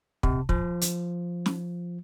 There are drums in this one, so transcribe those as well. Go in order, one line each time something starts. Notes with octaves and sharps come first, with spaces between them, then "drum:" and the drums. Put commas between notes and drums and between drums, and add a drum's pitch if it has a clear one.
C3, drum: kick
F3, drum: kick
drum: hi-hat
drum: snare